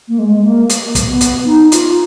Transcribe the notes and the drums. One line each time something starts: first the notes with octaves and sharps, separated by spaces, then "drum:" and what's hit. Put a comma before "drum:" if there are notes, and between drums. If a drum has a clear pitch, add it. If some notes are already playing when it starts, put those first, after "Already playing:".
A#3
G#3
G#3
A#3
drum: hi-hat
drum: kick, hi-hat
B3
drum: hi-hat
D#4
F4, drum: hi-hat